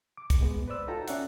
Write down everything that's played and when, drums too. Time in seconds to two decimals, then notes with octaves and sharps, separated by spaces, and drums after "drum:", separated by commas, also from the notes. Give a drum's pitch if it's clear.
0.17 D6
0.30 drum: kick, hi-hat
0.41 G#3 B3
0.68 B4 C5 D5 E6
0.87 D#4 F4 F#4 A4 G5 A#5
1.08 C#4 D5 E5 F#5, drum: hi-hat